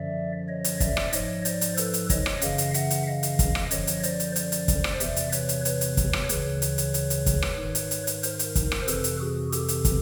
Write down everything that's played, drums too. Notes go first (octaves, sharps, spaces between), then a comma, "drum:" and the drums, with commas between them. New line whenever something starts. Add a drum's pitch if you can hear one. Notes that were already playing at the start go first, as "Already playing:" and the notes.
Already playing: F#2 D3 F3 D5 E5
C#5 D#5
drum: hi-hat
D5 E5, drum: kick, hi-hat
drum: rim click
G#2 F3 C#5 D#5, drum: hi-hat
C5 D5, drum: hi-hat
drum: hi-hat
A4 B4, drum: hi-hat
drum: hi-hat
C#5 D#5, drum: kick, hi-hat
drum: rim click
F#2 C#3 E3 D#5 F5, drum: hi-hat
drum: hi-hat
E5 F#5, drum: hi-hat
drum: hi-hat
D#5 F5
drum: hi-hat
drum: kick, hi-hat
drum: rim click
F#2 D3 F3 C#5 D#5, drum: hi-hat
drum: hi-hat
C5 D5, drum: hi-hat
drum: hi-hat
C5 D5, drum: hi-hat
drum: hi-hat
drum: kick, hi-hat
drum: rim click
E2 C3 E3 D5 E5, drum: hi-hat
drum: hi-hat
B4 C#5, drum: hi-hat
drum: hi-hat
B4 C#5, drum: hi-hat
drum: hi-hat
drum: kick, hi-hat
drum: rim click
D2 C#3 E3 B4 C#5, drum: hi-hat
drum: hi-hat
drum: hi-hat
drum: hi-hat
drum: hi-hat
drum: kick, hi-hat
drum: rim click
G#2 D#3
drum: hi-hat
drum: hi-hat
drum: hi-hat
A#4 C5, drum: hi-hat
drum: hi-hat
drum: kick, hi-hat
drum: rim click
F2 C3 E3 A4 B4, drum: hi-hat
drum: hi-hat
F#4 G#4
G4 A4, drum: hi-hat
drum: hi-hat
drum: kick, hi-hat